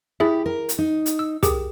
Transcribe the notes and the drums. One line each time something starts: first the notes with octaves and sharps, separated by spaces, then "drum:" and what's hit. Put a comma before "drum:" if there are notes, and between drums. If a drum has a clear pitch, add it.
E4 G4 G#4 E5
A#4
drum: hi-hat
D#4
drum: hi-hat
E6
G4 G#4 A#4, drum: kick, hi-hat